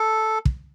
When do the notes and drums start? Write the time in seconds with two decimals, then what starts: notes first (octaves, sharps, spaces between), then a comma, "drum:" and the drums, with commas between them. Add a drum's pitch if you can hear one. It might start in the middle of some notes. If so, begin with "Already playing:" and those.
Already playing: A4
0.45 drum: kick